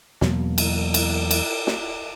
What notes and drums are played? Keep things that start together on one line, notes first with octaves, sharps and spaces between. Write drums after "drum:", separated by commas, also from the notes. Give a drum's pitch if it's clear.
E2 B2 F#3 A#3, drum: snare
drum: cymbal
drum: cymbal
drum: cymbal
drum: snare